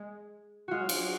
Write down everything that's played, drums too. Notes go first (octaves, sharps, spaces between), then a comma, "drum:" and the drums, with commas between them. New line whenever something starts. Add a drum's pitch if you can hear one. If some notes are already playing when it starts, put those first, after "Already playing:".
Already playing: G#3 G#4
G#3 F4 F#4
F#3
F3, drum: cymbal
F#3